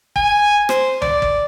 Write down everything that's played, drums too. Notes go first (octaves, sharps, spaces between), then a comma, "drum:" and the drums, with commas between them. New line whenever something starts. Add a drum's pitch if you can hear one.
G#5, drum: kick
C5, drum: rim click
D5, drum: tom C#2
drum: kick